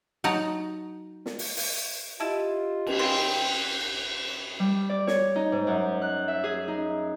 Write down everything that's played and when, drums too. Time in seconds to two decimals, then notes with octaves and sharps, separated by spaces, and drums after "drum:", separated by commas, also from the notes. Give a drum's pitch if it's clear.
0.24 F#3 D#4 A5 A#5
1.26 drum: snare
1.39 drum: open hi-hat
1.57 drum: open hi-hat
2.20 E4 F4 G4 D#5 A5
2.86 drum: cymbal
2.99 C#3 E3 C4 F5 G5 C6
4.59 G3
4.90 D5
5.07 C#5, drum: snare
5.36 D#4
5.52 G#2
5.67 F#2
6.02 F#6
6.28 E5
6.44 G#4
6.68 D#4